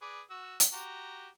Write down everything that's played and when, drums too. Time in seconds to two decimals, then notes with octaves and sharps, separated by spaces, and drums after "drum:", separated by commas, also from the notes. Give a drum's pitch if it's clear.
0.02 G#4 B4 D5
0.30 F#4 E6
0.60 drum: hi-hat
0.73 F#4 G4 A#5